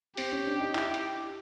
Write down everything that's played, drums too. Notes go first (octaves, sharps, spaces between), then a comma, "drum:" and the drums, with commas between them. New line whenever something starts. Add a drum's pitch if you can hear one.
C4 G4, drum: open hi-hat
C#4
D4
D#4
E4, drum: clap
drum: hi-hat